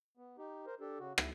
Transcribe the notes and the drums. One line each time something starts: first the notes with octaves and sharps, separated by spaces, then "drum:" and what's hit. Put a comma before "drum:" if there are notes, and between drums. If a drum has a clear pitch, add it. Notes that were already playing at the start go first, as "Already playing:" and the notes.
B3
D#4 G4
A#4 C5
D4 G4 A4
C#3 F#4
E4, drum: rim click